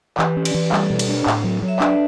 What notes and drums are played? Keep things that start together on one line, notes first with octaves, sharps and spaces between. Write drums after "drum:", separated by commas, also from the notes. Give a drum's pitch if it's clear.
E3 G4 B4, drum: clap
C#4
B4 D5, drum: cymbal
E3
B4
G3 A4 C#5, drum: clap
B2
drum: cymbal
D4
A2, drum: clap
F#3
F#3
E5
D4 B4 D5, drum: clap